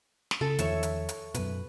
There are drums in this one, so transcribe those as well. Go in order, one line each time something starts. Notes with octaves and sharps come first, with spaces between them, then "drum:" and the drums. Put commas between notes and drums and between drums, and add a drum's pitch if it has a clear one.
drum: snare
C#3 A4
E2 D#3 F3 C#5 E5 C#6, drum: hi-hat
drum: hi-hat
drum: hi-hat
F#2 B2 B4, drum: hi-hat